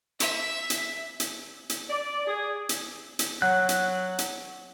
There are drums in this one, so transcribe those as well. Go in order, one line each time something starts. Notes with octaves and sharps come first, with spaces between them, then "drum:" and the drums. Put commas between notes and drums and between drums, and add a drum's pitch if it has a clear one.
E5, drum: hi-hat
drum: hi-hat
drum: hi-hat
drum: hi-hat
D5
G#4
drum: hi-hat
drum: hi-hat
F#3 F#5 F#6
drum: hi-hat
drum: hi-hat